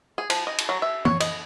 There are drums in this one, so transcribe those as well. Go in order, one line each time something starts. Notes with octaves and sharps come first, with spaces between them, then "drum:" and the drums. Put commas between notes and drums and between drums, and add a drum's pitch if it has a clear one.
G#4
F3, drum: cymbal
D#5
drum: cymbal
F#3
E5
C#5, drum: tom
D#5, drum: cymbal